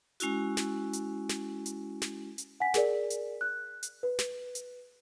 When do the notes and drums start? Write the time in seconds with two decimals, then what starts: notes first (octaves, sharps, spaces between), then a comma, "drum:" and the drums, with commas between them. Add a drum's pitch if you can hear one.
0.20 G#3 C#4 E4 F#4, drum: hi-hat
0.57 drum: snare
0.93 drum: hi-hat
1.29 drum: snare
1.66 drum: hi-hat
2.02 drum: snare
2.38 drum: hi-hat
2.60 F#5 G#5 B6
2.74 G#4 A#4 D5, drum: snare
3.10 drum: hi-hat
3.41 F#6
3.83 drum: hi-hat
4.03 B4
4.19 drum: snare
4.55 drum: hi-hat